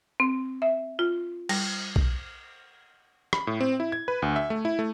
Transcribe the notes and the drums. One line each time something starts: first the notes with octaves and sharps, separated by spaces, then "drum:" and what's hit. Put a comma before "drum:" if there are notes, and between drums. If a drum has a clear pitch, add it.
C4
E5
F4
G3, drum: cymbal
drum: kick B1
B5, drum: rim click
A2
C4
E4
G#6
B4
D2
E5
A3
E4
A3